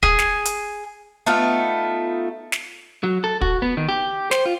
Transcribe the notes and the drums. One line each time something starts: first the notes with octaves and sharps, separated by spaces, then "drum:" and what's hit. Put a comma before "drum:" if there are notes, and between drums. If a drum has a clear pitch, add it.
G#4, drum: kick
drum: snare
drum: hi-hat
A3 B3 D#4 F4
drum: snare
F#3
A4
F#4, drum: kick
B3
D#3
G4
C5, drum: snare
F4